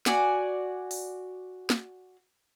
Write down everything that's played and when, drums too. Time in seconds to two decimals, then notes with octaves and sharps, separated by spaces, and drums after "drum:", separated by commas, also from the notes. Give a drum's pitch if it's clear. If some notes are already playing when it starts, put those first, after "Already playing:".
0.06 F#4 D5 G#5, drum: snare
0.91 drum: open hi-hat
1.70 drum: snare